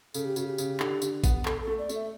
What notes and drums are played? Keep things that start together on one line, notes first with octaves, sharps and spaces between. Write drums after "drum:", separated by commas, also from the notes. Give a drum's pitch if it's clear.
C#3 A4, drum: tambourine
G4
C#3 F#4, drum: tambourine
G4
C#3, drum: tambourine
D3, drum: clap
D3, drum: tambourine
B3, drum: kick, tambourine
A4, drum: clap
A3 A4
D5
A3, drum: tambourine
E5